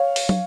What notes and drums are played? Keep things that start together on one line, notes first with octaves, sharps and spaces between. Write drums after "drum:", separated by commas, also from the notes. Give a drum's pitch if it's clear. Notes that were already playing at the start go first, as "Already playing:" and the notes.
Already playing: C#5 F5
drum: open hi-hat
drum: tom